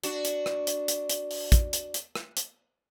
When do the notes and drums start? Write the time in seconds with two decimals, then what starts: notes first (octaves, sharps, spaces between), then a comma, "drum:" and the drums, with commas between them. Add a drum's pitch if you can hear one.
0.04 D4 F#4, drum: hi-hat
0.25 drum: hi-hat
0.46 drum: rim click
0.67 drum: hi-hat
0.88 drum: hi-hat
1.09 drum: hi-hat
1.31 drum: open hi-hat
1.52 drum: kick, hi-hat
1.73 drum: hi-hat
1.94 drum: hi-hat
2.15 drum: rim click
2.37 drum: hi-hat